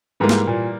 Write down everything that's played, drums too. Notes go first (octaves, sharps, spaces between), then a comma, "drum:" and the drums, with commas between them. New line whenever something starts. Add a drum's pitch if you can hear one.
G#2 E3 G3 A#3
drum: snare
A#2